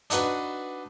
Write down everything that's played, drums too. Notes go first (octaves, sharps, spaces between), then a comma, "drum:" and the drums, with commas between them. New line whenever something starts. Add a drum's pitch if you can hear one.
D4 D#4 F#4 B4, drum: hi-hat